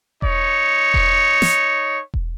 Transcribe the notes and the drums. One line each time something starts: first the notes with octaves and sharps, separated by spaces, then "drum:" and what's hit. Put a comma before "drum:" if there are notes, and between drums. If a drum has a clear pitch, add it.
D#4 C#5, drum: kick E1
drum: kick E1
drum: snare
drum: kick E1